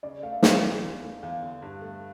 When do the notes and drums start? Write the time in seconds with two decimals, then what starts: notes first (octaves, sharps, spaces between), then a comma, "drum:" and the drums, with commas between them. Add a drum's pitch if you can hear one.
0.03 C#3 D5
0.23 A3 F5
0.33 E5
0.43 C#3 F5, drum: snare
0.63 E3
0.82 E2
1.02 A3
1.23 E2 F5
1.42 D3
1.62 G2
1.82 A3